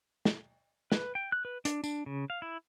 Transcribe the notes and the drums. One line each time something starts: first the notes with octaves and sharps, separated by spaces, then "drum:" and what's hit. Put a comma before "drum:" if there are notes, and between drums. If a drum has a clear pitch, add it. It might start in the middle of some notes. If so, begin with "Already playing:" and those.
drum: snare
B4, drum: snare
G5
F#6
B4
D4, drum: hi-hat
D4, drum: tambourine
C#3
F5
E4